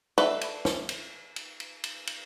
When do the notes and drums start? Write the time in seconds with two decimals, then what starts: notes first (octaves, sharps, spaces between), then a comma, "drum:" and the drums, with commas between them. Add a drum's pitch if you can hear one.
0.18 A4 B4 D5 E5, drum: cymbal
0.41 drum: cymbal
0.65 drum: snare
0.89 drum: cymbal
1.36 drum: cymbal
1.60 drum: cymbal
1.84 drum: cymbal
2.07 drum: cymbal